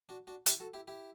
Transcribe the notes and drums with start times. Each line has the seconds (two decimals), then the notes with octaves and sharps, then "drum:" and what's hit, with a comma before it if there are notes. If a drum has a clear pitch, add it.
0.09 D4 F#4
0.27 D4 F#4
0.46 E4 G4, drum: hi-hat
0.60 F#4 A4
0.74 E4 G4
0.88 E4 G4